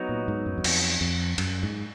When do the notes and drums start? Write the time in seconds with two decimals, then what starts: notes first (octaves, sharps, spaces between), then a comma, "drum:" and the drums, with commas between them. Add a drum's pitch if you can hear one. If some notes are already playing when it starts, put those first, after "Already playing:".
Already playing: F#3 B3 D#4 F#4
0.09 A#2
0.28 G#2
0.46 F#2
0.58 F#2
0.64 F2, drum: cymbal
1.01 F2
1.38 F#2, drum: cymbal
1.63 G#2